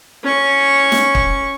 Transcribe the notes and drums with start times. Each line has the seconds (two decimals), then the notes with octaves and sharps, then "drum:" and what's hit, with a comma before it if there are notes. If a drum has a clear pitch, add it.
0.23 C#4 C#6
0.92 drum: snare
1.15 drum: kick